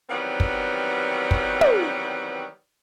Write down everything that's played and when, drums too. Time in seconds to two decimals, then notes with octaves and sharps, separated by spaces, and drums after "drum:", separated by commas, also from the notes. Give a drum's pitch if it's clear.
0.10 D#3 E3 F#3 G3 B3 C4
0.40 drum: kick
1.31 drum: kick
1.61 drum: tom